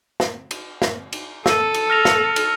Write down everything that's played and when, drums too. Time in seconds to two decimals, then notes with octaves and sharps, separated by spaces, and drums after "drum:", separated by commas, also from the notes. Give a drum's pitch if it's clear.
0.20 drum: snare
0.51 drum: cymbal
0.82 drum: snare
1.13 drum: cymbal
1.46 A4 E6 D#7, drum: snare
1.74 drum: cymbal
1.90 F6 A#6 F7
2.05 drum: snare
2.36 drum: cymbal